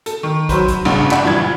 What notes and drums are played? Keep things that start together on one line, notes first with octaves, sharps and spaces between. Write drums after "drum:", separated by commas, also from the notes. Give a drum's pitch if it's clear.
A4, drum: hi-hat
D#3
F#3 B4 C5, drum: kick, hi-hat
drum: kick, hi-hat
A1 G2 C#3 F#5
D4 E5 F#5 G5 B5, drum: clap
F#1 A#2 E3 G3 G#6